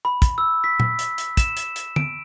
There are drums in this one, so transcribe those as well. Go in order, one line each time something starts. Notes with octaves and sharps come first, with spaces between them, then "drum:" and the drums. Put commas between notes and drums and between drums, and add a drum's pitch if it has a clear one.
B5
drum: kick, hi-hat
E6
B6
drum: tom A#2
drum: hi-hat
drum: hi-hat
E7, drum: kick, hi-hat
drum: hi-hat
drum: hi-hat
D7, drum: tom